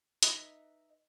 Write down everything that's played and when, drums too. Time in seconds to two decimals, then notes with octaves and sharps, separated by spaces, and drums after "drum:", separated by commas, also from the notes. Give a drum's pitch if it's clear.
0.23 D#4 B4 D#5 E5, drum: hi-hat